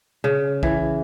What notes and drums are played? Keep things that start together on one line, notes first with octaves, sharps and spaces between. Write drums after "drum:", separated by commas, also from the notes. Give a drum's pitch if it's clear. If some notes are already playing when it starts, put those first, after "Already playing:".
C#3
E3, drum: kick